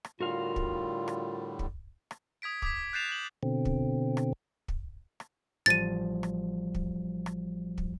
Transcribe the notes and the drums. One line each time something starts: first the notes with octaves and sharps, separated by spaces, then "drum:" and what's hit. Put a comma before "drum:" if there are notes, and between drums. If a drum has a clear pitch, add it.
drum: rim click
A2 D3 G3 F4 F#4 A#4 F5
drum: kick
drum: rim click
drum: kick
drum: rim click
D#6 G#6 B6 D7
D6 D#6 G#6 B6, drum: kick
F#6 G6 A6 C7 E7 F7
G6 E7 F#7
B2 D3 C4
drum: kick
drum: rim click
drum: kick
drum: rim click
A1 F3 G3 A6 D#7
drum: rim click
drum: kick
drum: rim click
drum: kick